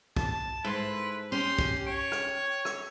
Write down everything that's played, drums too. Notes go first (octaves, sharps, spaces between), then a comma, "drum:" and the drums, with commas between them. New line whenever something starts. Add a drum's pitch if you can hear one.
A5, drum: kick
G#2 E4 A4 B4 C6
C#4 G4 C6
drum: kick
C#5 G5
drum: rim click
drum: rim click